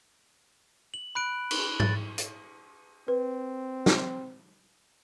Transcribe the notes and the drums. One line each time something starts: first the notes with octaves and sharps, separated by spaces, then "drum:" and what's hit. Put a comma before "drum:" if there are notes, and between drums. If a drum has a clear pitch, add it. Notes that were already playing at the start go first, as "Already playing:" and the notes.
F#7
B5 F#6 D7
drum: cymbal
A6, drum: tom G#2
drum: hi-hat
C4 B4
drum: snare